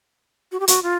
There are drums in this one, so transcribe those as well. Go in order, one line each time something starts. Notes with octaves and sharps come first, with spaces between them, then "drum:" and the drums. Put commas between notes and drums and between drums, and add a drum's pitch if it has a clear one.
F#4
G4
F#4, drum: hi-hat
F4